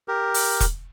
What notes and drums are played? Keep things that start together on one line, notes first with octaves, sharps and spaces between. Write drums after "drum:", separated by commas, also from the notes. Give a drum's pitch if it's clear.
G4 A#4
drum: open hi-hat
drum: kick E1, hi-hat